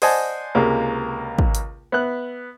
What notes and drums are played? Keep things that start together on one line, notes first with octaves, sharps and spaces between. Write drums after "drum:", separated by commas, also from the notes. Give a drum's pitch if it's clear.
C5 D5 D#5 F#5 G#5 A5, drum: open hi-hat
C#2 C3 G#3 A#3
drum: kick
drum: hi-hat
B3 E5 F#6